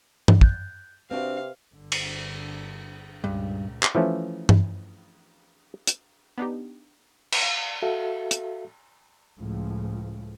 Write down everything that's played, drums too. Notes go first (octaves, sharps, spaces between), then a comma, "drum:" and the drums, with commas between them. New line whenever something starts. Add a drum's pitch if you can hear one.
drum: tom G2
F#6 G6 A6, drum: kick
C3 C4 D4 F#4 B4 C5 F5
G1 D3
drum: cymbal
C#2 G2 A#2
drum: clap
E3 F3 A3 C#4
drum: tom G2
drum: hi-hat
B3 D4 D#4 G4
drum: cymbal
F5
F#4 A4 E5 F5
drum: hi-hat
C#2 A2 F3